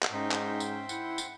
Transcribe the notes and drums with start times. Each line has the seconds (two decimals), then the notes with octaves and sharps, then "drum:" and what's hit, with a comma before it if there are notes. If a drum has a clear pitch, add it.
0.03 drum: clap
0.12 G#2 C#4 D#4 C5 E5 G5
0.31 drum: clap
0.60 drum: tambourine
0.89 E4 F#5, drum: tambourine
1.18 drum: tambourine